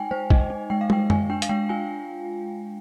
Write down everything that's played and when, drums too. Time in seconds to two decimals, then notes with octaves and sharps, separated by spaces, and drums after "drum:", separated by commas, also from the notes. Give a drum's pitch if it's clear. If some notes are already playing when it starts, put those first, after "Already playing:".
Already playing: G#3 D#4 G5 G#5
0.11 G#3 C5
0.30 D#4 D#5, drum: kick
0.50 D#4
0.70 G#3 G5
0.81 F5
0.90 G#3 G5, drum: tom
1.10 G#3 G#5, drum: tom F#2
1.30 D4 G5
1.42 F5, drum: hi-hat
1.49 G#3 G5
1.69 F4 G#5